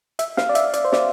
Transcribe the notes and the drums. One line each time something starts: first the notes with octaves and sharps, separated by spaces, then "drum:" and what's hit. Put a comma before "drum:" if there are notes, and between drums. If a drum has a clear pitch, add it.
E5, drum: hi-hat
F5, drum: snare
D5
E5, drum: hi-hat
D5, drum: hi-hat
C5
D5, drum: snare